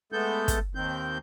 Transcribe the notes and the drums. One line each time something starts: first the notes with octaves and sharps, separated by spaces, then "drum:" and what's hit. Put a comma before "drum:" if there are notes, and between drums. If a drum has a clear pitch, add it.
G#3 A3 B3 A4 G6
drum: kick, hi-hat
D#2 D#3 C4 G6